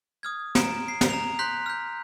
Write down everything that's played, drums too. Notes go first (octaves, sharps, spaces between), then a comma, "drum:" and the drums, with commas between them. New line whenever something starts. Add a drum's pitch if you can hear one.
D#6 F6 G#6
A#5 D7 E7, drum: snare
C7
drum: snare
A#5 F7
C6 F#6 G6 B6
F6 G6